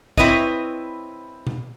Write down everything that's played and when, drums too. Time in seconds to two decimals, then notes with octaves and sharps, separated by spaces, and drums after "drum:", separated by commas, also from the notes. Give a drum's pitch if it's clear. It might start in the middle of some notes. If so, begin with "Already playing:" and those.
0.18 C4 E4 B4 C#5 D#5, drum: kick
1.47 drum: tom B2